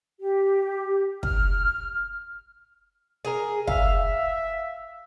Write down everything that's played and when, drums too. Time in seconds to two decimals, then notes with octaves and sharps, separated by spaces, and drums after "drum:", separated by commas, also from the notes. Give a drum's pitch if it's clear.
0.20 G4
1.23 F6, drum: kick
3.25 G#4 A#4
3.67 E5 F5, drum: kick